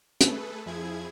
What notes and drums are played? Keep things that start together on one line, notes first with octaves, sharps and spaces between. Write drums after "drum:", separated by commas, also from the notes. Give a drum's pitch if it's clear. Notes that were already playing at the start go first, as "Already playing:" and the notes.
A3 G#4 A4 B4, drum: hi-hat
F2 F3 E4 G#4 G#6